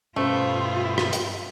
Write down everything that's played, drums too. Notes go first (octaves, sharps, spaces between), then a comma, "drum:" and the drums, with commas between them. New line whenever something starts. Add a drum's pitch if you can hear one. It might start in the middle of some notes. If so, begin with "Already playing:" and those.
G2 B2 A3 C#4 F4 C5
drum: rim click
drum: hi-hat